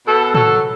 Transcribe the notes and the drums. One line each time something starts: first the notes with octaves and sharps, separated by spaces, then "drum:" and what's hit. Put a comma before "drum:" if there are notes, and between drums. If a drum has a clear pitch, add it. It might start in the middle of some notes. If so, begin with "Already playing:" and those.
B2 A4
F#3 A4, drum: tom A2